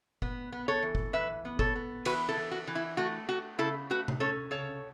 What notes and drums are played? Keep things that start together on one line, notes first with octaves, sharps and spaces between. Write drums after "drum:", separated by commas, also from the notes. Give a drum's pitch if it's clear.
B3, drum: kick F#1
B3
A4 C#5
E3
drum: kick F#1
E3 B4 E5
B3
A4 C#5, drum: kick F#1
B3
E3 F#4 B4, drum: cymbal
E4 A4
E3
F#4
E3
E4
A3 F#4
A3 F#4
C#3 E4 A4
A3 F#4 B4
drum: tom C3
C#4 A4 C#5
C#3 A4 C#5